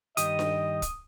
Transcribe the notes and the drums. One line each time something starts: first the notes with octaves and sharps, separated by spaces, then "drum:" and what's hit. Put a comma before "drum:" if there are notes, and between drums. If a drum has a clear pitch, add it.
G2 D#3 G4 D#5 D#6, drum: hi-hat
drum: snare D4
drum: kick, hi-hat